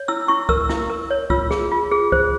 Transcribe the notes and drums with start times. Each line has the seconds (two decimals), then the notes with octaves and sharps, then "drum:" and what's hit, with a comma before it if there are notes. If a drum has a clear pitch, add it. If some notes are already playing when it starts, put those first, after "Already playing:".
Already playing: C#5
0.08 E4 E6
0.28 E4 C#6
0.49 A#4 E6, drum: kick
0.69 E4, drum: snare
0.90 A#4
1.11 C#5
1.30 F4 E6, drum: kick
1.51 G#4, drum: snare
1.72 F4
1.92 G#4
2.12 C5, drum: kick